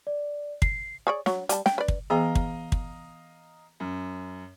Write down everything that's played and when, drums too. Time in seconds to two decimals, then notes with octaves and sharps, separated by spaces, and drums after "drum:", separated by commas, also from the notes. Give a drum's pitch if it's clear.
0.07 D5
0.62 C7, drum: kick
1.07 G#4 C#5 D5
1.26 F#3, drum: snare
1.49 G3 A5, drum: hi-hat
1.66 G5, drum: snare
1.78 B4 D5
1.88 drum: kick
2.10 E3 B3 G#4 D#5 F5 A#5
2.35 drum: kick
2.72 drum: kick
3.80 F#2